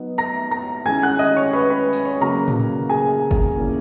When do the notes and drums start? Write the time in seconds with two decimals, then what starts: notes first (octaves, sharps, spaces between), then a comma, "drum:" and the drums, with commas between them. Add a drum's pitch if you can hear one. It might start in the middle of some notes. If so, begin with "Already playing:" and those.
Already playing: F#3 B3 D#4
0.18 A#5 A#6
0.51 A#5 A#6
0.86 D#3 G#3 C#4 E4 G#5 G#6
1.02 F#5 F#6
1.19 D#5 D#6
1.36 C#5 C#6
1.53 B4 B5
1.70 B4 B5
1.93 drum: tambourine
2.05 C#5 C#6
2.21 C#3 F#3 A#3 A#4 A#5
2.48 drum: tom A2
2.89 G#4 G#5
3.31 drum: kick G1
3.57 A#2 A#3 C#4 E4